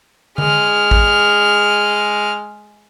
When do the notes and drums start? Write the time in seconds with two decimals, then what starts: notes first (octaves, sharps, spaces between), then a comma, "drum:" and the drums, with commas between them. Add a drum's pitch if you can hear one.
0.38 G#3 F6, drum: tom D3
0.91 drum: kick A1